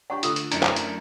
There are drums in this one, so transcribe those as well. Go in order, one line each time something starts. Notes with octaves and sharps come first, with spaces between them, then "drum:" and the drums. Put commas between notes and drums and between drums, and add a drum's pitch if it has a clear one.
D4 G4 F#5 A#5 C#6
D3 A3 F4 D#6 E6, drum: hi-hat
drum: hi-hat
F#2 A3 D4 E4 A#4 G#6, drum: hi-hat
drum: clap
drum: hi-hat